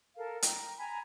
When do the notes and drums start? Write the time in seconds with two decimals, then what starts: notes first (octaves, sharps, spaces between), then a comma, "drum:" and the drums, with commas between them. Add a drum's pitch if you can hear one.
0.17 A4 A#4 F5
0.42 G5 A#5, drum: hi-hat
0.79 G#5 A#5 B5